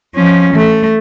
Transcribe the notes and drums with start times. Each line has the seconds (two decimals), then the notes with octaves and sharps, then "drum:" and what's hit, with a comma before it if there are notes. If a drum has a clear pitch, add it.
0.15 F3 C#4
0.53 A3, drum: tom E3